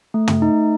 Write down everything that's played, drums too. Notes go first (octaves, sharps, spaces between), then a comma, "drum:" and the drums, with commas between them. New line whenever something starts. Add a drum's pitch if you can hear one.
A3
drum: tom
D#4